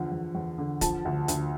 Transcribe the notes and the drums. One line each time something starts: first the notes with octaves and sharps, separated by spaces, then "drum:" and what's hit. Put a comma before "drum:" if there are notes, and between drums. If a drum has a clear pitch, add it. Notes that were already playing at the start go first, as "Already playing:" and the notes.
Already playing: E2 D3 F3
E2
E2
D3
F3 A5, drum: kick, hi-hat
D2
D2, drum: hi-hat